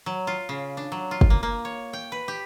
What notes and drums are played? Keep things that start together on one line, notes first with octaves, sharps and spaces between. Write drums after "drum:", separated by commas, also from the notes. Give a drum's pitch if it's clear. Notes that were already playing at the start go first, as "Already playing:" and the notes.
F#3
F4
C#3
D4
F#3
F4
drum: kick
A#3
A#3
C#5
G5
B4
G4